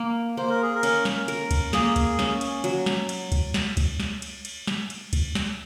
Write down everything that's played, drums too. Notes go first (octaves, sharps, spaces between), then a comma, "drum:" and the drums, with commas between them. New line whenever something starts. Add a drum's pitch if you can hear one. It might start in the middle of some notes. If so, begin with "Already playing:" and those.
Already playing: A#3
A#3 C5
A#4
G#4
A#4
C#4, drum: cymbal
drum: snare
A#4, drum: cymbal
drum: kick C#2, cymbal
A#3 G#4, drum: snare
drum: kick C#2, cymbal
C#4, drum: snare
drum: cymbal
F#3, drum: cymbal
drum: snare
drum: cymbal
drum: kick C#2, cymbal
drum: snare
drum: kick C#2, cymbal
drum: snare
drum: cymbal
drum: cymbal
drum: snare
drum: cymbal
drum: kick C#2, cymbal
drum: snare